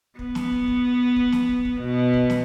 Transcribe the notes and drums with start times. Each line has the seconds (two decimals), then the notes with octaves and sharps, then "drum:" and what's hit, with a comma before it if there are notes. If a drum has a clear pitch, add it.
0.19 B3, drum: kick
0.35 drum: snare
0.51 drum: kick
0.68 drum: kick
1.16 drum: kick
1.32 drum: snare
1.49 drum: kick
1.65 drum: kick
1.80 B2
2.13 drum: kick
2.30 drum: snare